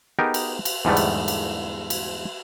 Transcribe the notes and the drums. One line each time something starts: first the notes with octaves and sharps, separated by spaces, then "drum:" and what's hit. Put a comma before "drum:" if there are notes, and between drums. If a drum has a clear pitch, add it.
B3 D#4 G4 G#4 A#4
drum: cymbal
drum: cymbal
E2 G#2 D3 G3 A3 B3
drum: cymbal
drum: cymbal
drum: cymbal